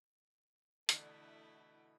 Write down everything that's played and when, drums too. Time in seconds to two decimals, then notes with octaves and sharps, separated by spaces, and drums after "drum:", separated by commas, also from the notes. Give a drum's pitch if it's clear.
0.89 B2 D3 E3 A3 E4, drum: hi-hat